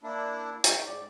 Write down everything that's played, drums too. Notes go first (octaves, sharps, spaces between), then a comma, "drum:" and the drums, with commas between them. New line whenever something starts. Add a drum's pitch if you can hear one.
A#3 D4 E4
G5 C#6, drum: hi-hat
G#2 D5